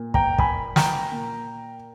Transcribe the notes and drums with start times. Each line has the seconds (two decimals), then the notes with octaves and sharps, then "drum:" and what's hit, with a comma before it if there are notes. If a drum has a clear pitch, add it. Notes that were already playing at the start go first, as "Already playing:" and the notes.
Already playing: A#2
0.14 G5 A#5, drum: kick
0.38 G#5 B5, drum: kick
0.76 G5 A#5, drum: snare
1.12 A#2